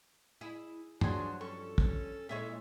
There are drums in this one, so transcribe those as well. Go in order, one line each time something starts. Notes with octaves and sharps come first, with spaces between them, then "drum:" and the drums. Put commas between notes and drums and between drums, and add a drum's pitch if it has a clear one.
E4 G#4
G2 F3 F#3 D4 F#4 G#4 G#5 C6, drum: tom
C#4 A4 C#6
C#4, drum: kick
A#2 G#3 E4 A4 C#5 E5